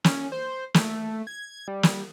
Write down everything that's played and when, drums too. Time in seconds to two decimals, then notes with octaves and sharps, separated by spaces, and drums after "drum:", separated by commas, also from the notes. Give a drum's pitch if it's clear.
0.04 C#4, drum: snare
0.32 C5
0.74 A3, drum: snare
1.27 G#6
1.68 G3
1.83 drum: snare